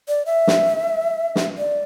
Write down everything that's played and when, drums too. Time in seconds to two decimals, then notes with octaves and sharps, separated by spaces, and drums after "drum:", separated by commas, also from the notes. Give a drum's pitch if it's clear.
0.08 D5
0.26 E5
0.47 drum: snare
1.36 drum: snare
1.58 D5